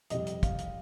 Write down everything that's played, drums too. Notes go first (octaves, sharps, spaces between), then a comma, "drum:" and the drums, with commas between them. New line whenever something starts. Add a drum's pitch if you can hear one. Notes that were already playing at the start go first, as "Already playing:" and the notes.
F2 C3 G3 D#5, drum: hi-hat
drum: hi-hat
F5, drum: kick, hi-hat
drum: hi-hat